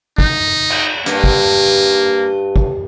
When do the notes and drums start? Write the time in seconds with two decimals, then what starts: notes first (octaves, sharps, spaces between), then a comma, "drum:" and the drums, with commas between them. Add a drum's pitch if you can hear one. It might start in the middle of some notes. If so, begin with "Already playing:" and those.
0.18 D#4, drum: kick
0.70 drum: cymbal
1.06 G2 A#3, drum: hi-hat
1.24 drum: kick
2.56 drum: kick